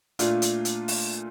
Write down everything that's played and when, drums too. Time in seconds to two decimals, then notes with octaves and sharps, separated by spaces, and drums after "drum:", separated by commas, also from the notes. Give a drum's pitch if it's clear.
0.19 A#2 A3 D4 F4, drum: hi-hat
0.42 drum: hi-hat
0.65 drum: hi-hat
0.88 drum: open hi-hat